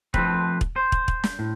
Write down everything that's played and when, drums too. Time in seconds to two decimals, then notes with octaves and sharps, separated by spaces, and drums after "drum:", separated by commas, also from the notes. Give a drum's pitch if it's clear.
0.14 F3 A3 C4 B4, drum: kick
0.61 drum: kick
0.76 C5
0.92 drum: kick
1.08 drum: kick
1.24 drum: snare
1.39 A2